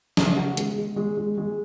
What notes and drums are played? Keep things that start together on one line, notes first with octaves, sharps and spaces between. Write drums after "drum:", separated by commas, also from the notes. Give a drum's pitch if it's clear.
C#3, drum: snare
F#4
G#3, drum: hi-hat
G#3
G#3
G#3
G#3